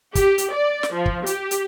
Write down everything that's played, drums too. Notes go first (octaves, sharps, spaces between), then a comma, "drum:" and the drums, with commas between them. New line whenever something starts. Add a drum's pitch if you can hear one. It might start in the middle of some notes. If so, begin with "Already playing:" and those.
G4, drum: kick, hi-hat
drum: hi-hat
D5
drum: snare
F3
drum: kick
G4, drum: hi-hat
drum: hi-hat